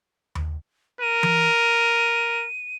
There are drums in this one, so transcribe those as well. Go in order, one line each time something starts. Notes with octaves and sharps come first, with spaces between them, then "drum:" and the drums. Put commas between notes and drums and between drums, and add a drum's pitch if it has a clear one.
drum: tom D#2
A#4 D#7
drum: tom E3